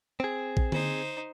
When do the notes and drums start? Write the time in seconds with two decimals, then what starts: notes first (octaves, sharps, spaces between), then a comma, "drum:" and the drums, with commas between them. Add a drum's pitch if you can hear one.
0.20 C4 G#4
0.57 drum: kick A#1
0.72 D#4 C5, drum: tom D3